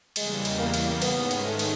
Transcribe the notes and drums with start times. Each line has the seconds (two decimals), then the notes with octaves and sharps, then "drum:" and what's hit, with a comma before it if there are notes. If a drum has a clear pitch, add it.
0.16 E2 C#3 E3 G3 G#3 A#3, drum: cymbal
0.45 drum: cymbal
0.59 A#3
0.74 drum: cymbal
1.02 G#2 D#3 G#3 B3 C#4, drum: cymbal
1.31 drum: cymbal
1.45 A3
1.59 drum: cymbal